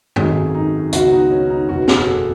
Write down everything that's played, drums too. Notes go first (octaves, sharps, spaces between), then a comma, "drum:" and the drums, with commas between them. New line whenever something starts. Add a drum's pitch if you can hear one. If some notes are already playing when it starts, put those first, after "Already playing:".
G#1 F#2 D#3 A3 G#4, drum: tom
D#4
C#2 C#3 F#3 B3 F#4, drum: hi-hat
D#4
C#4
D#4
F#1 E2 B2 F#4
G#4, drum: snare
A4